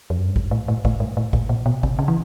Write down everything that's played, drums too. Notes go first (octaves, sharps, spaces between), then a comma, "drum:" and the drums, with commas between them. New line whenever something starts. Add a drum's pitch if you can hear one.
F2
F#2
G2
G#2, drum: kick
A2
A2
A2, drum: kick
G#2
A2
A2, drum: kick
A#2
B2
C3, drum: kick
C#3
E3